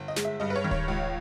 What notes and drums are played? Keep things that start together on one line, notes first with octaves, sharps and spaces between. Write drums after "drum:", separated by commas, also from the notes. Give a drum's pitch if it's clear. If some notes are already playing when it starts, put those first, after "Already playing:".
Already playing: G1
D#5
G#3, drum: snare
E5
G2 D#5
B4
C#5
D#3
C#5, drum: kick D1
C#2